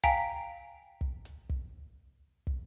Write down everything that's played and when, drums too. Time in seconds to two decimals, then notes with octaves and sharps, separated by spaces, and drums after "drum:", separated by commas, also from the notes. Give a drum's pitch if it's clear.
0.04 F5 G5 G#5 A#5 B6 D7, drum: kick
1.01 drum: kick
1.25 drum: hi-hat
1.50 drum: kick
2.47 drum: kick